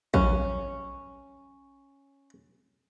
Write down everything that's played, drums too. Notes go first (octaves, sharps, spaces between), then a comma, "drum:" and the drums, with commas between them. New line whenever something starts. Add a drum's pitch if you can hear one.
F#2 C#4, drum: kick